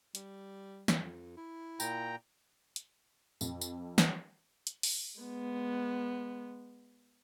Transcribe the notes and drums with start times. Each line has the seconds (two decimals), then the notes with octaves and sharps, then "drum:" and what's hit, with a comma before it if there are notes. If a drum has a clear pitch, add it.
0.15 G3, drum: hi-hat
0.88 drum: snare
1.01 F2
1.37 E4
1.80 A#2 G5 A#5, drum: tambourine
2.76 drum: hi-hat
3.41 F2, drum: tambourine
3.61 drum: tambourine
3.98 drum: snare
4.67 drum: hi-hat
4.83 drum: open hi-hat
5.20 G#3 B3